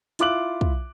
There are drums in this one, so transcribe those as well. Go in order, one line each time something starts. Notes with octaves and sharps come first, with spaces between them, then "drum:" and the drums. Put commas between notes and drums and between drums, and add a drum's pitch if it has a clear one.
E4 F4 E5 D6 F#6 F#7, drum: hi-hat
drum: kick